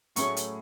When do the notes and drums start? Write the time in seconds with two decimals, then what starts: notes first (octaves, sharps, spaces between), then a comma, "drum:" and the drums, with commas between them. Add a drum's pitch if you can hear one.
0.16 A2 F#3 A3 C#4 G#4 C#6, drum: hi-hat
0.37 drum: hi-hat